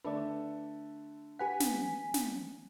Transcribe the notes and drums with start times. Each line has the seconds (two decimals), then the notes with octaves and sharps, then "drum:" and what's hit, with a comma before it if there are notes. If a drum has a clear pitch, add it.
0.05 D3 A3 A4 B4 D5
1.39 G4 B4 F#5 G#5 B6
1.60 drum: snare
2.14 drum: snare